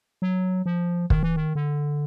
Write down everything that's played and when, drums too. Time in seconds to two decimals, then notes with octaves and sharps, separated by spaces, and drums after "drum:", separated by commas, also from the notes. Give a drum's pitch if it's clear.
0.22 F#3
0.66 F3
1.10 D#3, drum: kick
1.23 E3
1.36 D#3
1.55 D3